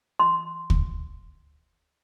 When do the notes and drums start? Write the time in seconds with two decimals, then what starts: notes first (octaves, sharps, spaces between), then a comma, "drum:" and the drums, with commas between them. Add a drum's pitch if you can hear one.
0.20 C6
0.70 drum: kick